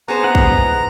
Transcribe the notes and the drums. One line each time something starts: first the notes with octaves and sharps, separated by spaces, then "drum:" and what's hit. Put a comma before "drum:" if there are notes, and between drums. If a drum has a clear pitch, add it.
B3 G#4 C5 A#5
D#4 E4 F#5
drum: kick